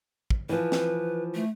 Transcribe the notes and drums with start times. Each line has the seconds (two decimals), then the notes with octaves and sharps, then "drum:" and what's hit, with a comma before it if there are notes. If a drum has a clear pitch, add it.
0.30 drum: kick
0.49 E3 F3 B4
0.72 drum: snare
1.35 A3